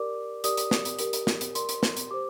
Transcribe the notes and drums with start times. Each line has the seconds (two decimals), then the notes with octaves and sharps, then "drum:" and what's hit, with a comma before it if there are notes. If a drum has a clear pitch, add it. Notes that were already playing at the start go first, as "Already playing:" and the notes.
Already playing: G4 A#4 D5 D6
0.44 G4 A#4 D5 D#6, drum: hi-hat
0.57 drum: hi-hat
0.71 drum: snare
0.85 drum: hi-hat
0.99 G4 A#4 D5, drum: hi-hat
1.13 drum: hi-hat
1.27 drum: snare
1.41 drum: hi-hat
1.55 G4 A#4 D5 C6, drum: hi-hat
1.69 drum: hi-hat
1.83 drum: snare
1.97 drum: hi-hat
2.11 G4 C5 D6